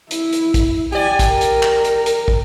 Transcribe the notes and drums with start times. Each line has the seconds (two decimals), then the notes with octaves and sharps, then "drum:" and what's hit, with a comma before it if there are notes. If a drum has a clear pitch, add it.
0.11 E4, drum: hi-hat
0.33 drum: hi-hat
0.54 drum: kick, hi-hat
0.92 G4 D5 G#5
1.19 drum: kick, hi-hat
1.28 A#4
1.41 drum: hi-hat
1.63 drum: clap
1.84 drum: hi-hat
2.06 drum: hi-hat
2.28 drum: kick